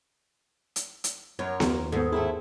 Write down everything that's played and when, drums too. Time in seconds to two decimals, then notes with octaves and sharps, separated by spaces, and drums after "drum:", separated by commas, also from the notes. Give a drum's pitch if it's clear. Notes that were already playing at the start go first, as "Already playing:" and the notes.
0.76 drum: hi-hat
1.04 drum: hi-hat
1.39 F#2 A#4 C#5
1.60 D#2 F4, drum: snare B3
1.92 G#2 B3 A4
2.12 A3 C4 E4 G#4 A#4